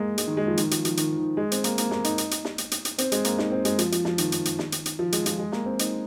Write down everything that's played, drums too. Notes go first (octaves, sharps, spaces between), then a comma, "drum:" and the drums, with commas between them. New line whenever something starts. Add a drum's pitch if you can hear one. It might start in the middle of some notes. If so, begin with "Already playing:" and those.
Already playing: G#3 A#3
G#3, drum: hi-hat
D#3
G#3
F3
D#3, drum: hi-hat
F3, drum: hi-hat
F3, drum: hi-hat
D#3, drum: hi-hat
D#3
G#3
C4, drum: hi-hat
A#3, drum: hi-hat
A#3, drum: hi-hat
A#3, drum: snare
D#4, drum: hi-hat
drum: hi-hat
drum: hi-hat
drum: snare
drum: hi-hat
drum: hi-hat
drum: hi-hat
C4, drum: hi-hat
G#3, drum: hi-hat
A#3, drum: hi-hat
D#4, drum: snare
C4
G#3, drum: hi-hat
F3, drum: hi-hat
F3, drum: hi-hat
F3, drum: snare
D#3, drum: hi-hat
drum: hi-hat
drum: hi-hat
drum: snare
drum: hi-hat
drum: hi-hat
F3
G#3, drum: hi-hat
F3, drum: hi-hat
G#3
A#3, drum: snare
C4
D#4, drum: hi-hat